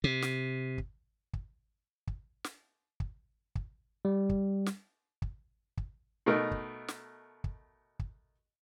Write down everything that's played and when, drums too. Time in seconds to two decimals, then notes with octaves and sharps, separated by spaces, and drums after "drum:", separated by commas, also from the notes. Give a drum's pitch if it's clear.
0.04 C3
0.22 drum: snare
0.78 drum: kick
1.33 drum: kick
2.07 drum: kick
2.44 drum: snare
3.00 drum: kick
3.55 drum: kick
4.05 G3
4.29 drum: kick
4.66 drum: snare
5.22 drum: kick
5.77 drum: kick
6.26 B2 A3 D#4 A#4
6.51 drum: kick
6.88 drum: snare
7.44 drum: kick
7.99 drum: kick